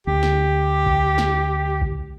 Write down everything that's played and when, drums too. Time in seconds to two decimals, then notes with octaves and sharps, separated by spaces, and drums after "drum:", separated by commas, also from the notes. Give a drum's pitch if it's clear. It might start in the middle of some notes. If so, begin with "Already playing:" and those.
0.07 D2 G4
0.23 drum: snare
0.86 drum: kick B1
1.18 drum: snare
1.81 drum: kick B1